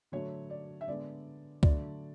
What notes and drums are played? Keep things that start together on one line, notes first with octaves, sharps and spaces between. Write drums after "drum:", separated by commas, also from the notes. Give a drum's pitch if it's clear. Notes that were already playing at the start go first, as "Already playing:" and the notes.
D3 F#3 A3 C#5
D5
E5
D3 G#3 B3 D5
D3 F#3 A3 D5, drum: kick C#2